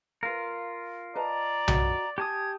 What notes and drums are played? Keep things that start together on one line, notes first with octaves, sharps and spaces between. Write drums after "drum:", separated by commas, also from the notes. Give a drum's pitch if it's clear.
F4 A#4 B4 F5
B4 D5 D#5 A5 A#5
F#4 C#5 D#5, drum: tom B1
G4 G#5 A5 D#6 G#6